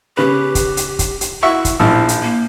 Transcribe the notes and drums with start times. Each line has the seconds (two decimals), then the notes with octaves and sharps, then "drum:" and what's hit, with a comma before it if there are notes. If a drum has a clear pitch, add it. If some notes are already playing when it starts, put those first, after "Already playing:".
0.17 C#3 G4 B4
0.55 drum: kick, hi-hat
0.77 drum: hi-hat
0.99 drum: kick, hi-hat
1.21 drum: hi-hat
1.43 E4 F#4 E5 C#6
1.65 drum: kick, hi-hat
1.79 A#1 F3 E4 E6
2.09 drum: hi-hat
2.23 A#3